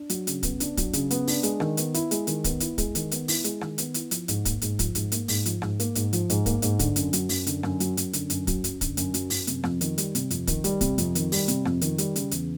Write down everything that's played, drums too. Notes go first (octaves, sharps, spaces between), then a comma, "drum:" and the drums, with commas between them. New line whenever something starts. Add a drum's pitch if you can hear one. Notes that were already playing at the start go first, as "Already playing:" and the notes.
Already playing: D4
F#3, drum: hi-hat
C#3, drum: hi-hat
B3, drum: kick, hi-hat
D4, drum: hi-hat
F#3, drum: kick, hi-hat
C#3, drum: hi-hat
B3, drum: hi-hat
D4, drum: open hi-hat
G#3, drum: hi-hat
D#3, drum: rim click
B3, drum: hi-hat
E4, drum: hi-hat
G#3, drum: hi-hat
D#3, drum: hi-hat
B3, drum: kick, hi-hat
E4, drum: hi-hat
G#3, drum: kick, hi-hat
D#3, drum: hi-hat
B3, drum: hi-hat
E4, drum: open hi-hat
G#3, drum: hi-hat
D#3, drum: rim click
B3, drum: hi-hat
E4, drum: hi-hat
F3, drum: hi-hat
G#2, drum: hi-hat
A#3, drum: kick, hi-hat
G#2, drum: hi-hat
F3, drum: kick, hi-hat
G#2, drum: hi-hat
A#3, drum: hi-hat
G#2, drum: open hi-hat
F3, drum: hi-hat
G#2, drum: rim click
A#3, drum: hi-hat
G#2, drum: hi-hat
F3, drum: hi-hat
G#2, drum: hi-hat
A#3, drum: kick, hi-hat
G#2, drum: hi-hat
D3, drum: kick, hi-hat
F#2, drum: hi-hat
F#3, drum: hi-hat
F#2, drum: open hi-hat
D3, drum: hi-hat
F#2, drum: rim click
F#3, drum: hi-hat
F#2, drum: hi-hat
D3, drum: hi-hat
F#2, drum: hi-hat
F#3, drum: kick, hi-hat
F#2, drum: hi-hat
D3, drum: kick, hi-hat
F#2, drum: hi-hat
F#3, drum: hi-hat
F#2, drum: open hi-hat
C3, drum: hi-hat
F2, drum: rim click
D#3, drum: hi-hat
G3, drum: hi-hat
C3, drum: hi-hat
F2, drum: hi-hat
D#3, drum: kick, hi-hat
G3, drum: hi-hat
C3, drum: kick, hi-hat
F2, drum: hi-hat
D#3, drum: hi-hat
G3, drum: open hi-hat
C3, drum: hi-hat
F2, drum: rim click
D#3, drum: hi-hat
G3, drum: hi-hat
C#3, drum: hi-hat
E2, drum: hi-hat